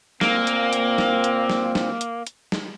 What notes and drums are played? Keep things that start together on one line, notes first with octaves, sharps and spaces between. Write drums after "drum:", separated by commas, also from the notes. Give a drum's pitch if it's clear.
A#2 A#3 C4, drum: snare
drum: hi-hat
drum: hi-hat
drum: snare
drum: hi-hat
drum: snare
drum: snare
drum: hi-hat
drum: hi-hat
drum: snare